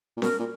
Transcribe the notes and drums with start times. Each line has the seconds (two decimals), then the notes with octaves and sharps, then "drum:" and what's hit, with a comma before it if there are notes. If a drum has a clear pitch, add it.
0.17 A#2
0.22 B2 A#4, drum: snare C#4
0.39 A#2